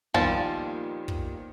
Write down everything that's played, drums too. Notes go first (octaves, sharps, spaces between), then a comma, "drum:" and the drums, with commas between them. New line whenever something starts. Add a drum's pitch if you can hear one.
A#2 D#3 F3 G3 B3 A5, drum: kick
drum: kick